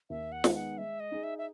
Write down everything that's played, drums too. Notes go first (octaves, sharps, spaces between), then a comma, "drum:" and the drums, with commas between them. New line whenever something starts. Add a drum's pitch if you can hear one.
D#2 E5
F#5
D#3 G#3 B3 D#4, drum: snare
F#5
G#3 E5
D#5
D#4 G#4
E5
E5